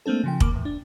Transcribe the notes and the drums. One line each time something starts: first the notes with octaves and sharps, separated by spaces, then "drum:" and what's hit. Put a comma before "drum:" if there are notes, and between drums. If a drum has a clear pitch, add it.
A3 A#3 C4 D4 A4
C#3 F3 G5
D#2 A#3 D6, drum: kick
E2 A2
D4